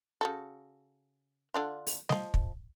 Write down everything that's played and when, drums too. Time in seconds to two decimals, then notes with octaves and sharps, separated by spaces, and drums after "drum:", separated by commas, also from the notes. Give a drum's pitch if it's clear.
0.21 C#3 F#4 A4
1.54 D3 D4 F4
1.87 drum: open hi-hat
2.09 F3 D#5, drum: snare G3
2.34 drum: kick